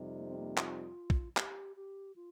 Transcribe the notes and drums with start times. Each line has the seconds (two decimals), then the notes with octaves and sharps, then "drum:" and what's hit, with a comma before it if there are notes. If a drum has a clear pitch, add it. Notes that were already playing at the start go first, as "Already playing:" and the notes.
Already playing: F2 C3 G3 D#4
0.17 A#3
0.28 C4
0.38 A#3
0.57 F4, drum: clap
1.10 drum: kick
1.37 G4, drum: clap
1.76 G4
2.16 F4